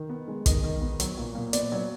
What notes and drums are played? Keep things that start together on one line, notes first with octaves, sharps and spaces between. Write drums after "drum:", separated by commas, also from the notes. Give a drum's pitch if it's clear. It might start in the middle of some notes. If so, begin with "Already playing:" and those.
Already playing: D#3
B3
G#3
D#3 D#5, drum: kick, hi-hat
D#3
B3
F#3, drum: hi-hat
A#2
A#2
B3 D5, drum: hi-hat
F#3